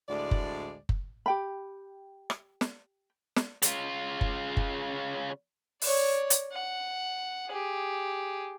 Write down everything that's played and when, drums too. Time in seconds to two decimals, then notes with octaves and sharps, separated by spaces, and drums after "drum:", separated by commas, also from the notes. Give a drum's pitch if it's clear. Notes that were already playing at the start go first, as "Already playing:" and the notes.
0.09 D2 A2 G#3 D5
0.31 drum: kick F#1
0.89 drum: kick F#1
1.26 G4 G5 B5
2.30 drum: rim click
2.61 drum: snare
3.36 drum: snare
3.62 C#3 F4, drum: hi-hat
4.21 drum: kick F#1
4.57 drum: kick F#1
5.82 C#5 D5, drum: open hi-hat
6.30 drum: hi-hat
6.52 F#5
7.48 G4 G#4